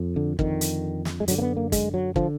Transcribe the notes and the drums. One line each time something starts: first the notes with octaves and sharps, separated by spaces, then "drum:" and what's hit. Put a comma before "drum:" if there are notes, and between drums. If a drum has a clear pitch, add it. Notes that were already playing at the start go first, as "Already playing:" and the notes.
Already playing: F2
D3
F2 D3 D#3, drum: kick
drum: hi-hat
drum: snare
G#3
F#2 D3 F#3, drum: hi-hat
A#3
B3
A#3
G#3, drum: kick, hi-hat
F#3
D3 F3, drum: kick